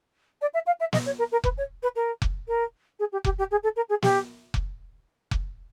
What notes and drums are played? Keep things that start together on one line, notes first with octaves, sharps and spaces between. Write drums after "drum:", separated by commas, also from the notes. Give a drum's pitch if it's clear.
D5
E5
F5
E5
D#5, drum: snare
C#5
A#4
A#4
B4, drum: kick F1
C#5
B4
A#4
drum: kick F1
A#4
G#4
G4
G4, drum: kick F1
G4
G#4
A4
A#4
G#4
G4, drum: snare
drum: kick F1
drum: kick F1